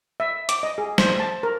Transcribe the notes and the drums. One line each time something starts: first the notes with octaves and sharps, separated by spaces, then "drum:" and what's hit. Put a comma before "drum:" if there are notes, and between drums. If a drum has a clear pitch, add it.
E5
D6, drum: hi-hat
D#5
G#4
C5, drum: snare
A5
A#4